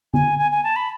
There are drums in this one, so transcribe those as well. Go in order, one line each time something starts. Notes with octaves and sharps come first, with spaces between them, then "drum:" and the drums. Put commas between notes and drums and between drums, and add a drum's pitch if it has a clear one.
G#5, drum: tom D3
G#5
G#5
A5
B5